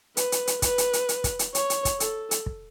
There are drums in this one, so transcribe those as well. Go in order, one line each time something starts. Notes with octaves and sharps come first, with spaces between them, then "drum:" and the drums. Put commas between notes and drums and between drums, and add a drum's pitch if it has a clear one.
B4, drum: hi-hat
drum: hi-hat
drum: hi-hat
B4, drum: kick, hi-hat
drum: hi-hat
drum: hi-hat
drum: hi-hat
drum: kick, hi-hat
drum: hi-hat
C#5, drum: hi-hat
drum: hi-hat
drum: kick, hi-hat
A4, drum: hi-hat
drum: hi-hat
drum: kick